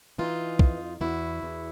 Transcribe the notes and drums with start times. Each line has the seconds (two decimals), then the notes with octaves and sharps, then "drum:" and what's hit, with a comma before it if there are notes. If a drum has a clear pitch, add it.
0.18 E3 D#4 F4
0.59 F2, drum: kick
1.01 E2 E4 F#4
1.43 E2